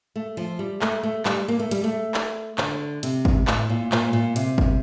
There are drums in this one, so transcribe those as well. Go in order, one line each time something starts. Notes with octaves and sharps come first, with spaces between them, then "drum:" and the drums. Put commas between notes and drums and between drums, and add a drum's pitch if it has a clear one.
A3
F3
G3
A3, drum: clap
A3
G3, drum: clap
A#3
A3
G3, drum: hi-hat
A3
drum: clap
D3, drum: clap
C3, drum: hi-hat
drum: kick G#1
A2, drum: clap
A#2
A#2, drum: clap
A#2
C3, drum: hi-hat
drum: kick G#1